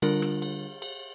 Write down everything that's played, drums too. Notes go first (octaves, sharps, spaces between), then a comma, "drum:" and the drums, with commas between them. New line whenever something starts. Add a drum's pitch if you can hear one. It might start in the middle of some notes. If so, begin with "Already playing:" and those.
D3 G3 D4 F4 A#4, drum: cymbal
drum: rim click
drum: cymbal
drum: cymbal